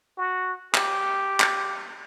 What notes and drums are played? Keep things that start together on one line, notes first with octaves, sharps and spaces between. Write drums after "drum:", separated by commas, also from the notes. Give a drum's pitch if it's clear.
F#4
G4, drum: clap
drum: clap